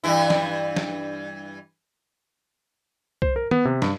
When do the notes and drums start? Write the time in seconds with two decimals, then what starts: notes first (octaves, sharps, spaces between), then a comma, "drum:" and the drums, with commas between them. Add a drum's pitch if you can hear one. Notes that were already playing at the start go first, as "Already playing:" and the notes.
0.04 G2 E3 E4
0.30 drum: snare
0.77 drum: snare
3.22 C5, drum: kick C2
3.36 A#4
3.51 B3, drum: tom D#3
3.65 C3
3.82 G2, drum: snare